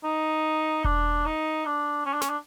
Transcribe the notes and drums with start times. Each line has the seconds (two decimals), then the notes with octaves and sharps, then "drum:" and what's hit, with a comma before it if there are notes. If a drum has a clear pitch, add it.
0.04 D#4
0.84 D4, drum: kick E1
1.26 D#4
1.66 D4
2.06 C#4
2.14 D4
2.22 C#4, drum: snare
2.29 D4